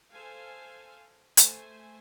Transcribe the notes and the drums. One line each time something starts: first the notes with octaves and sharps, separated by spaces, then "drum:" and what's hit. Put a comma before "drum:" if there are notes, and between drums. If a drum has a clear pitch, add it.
A4 C5 F5 G#5
A3 C5 G#5, drum: hi-hat